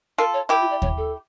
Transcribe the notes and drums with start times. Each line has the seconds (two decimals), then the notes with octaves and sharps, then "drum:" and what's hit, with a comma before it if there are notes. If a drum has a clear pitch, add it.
0.18 F4 A4 A#4
0.33 C#5
0.49 E4 G4 A#4
0.60 F4
0.70 D5
0.82 C#5, drum: kick D#2
0.97 A4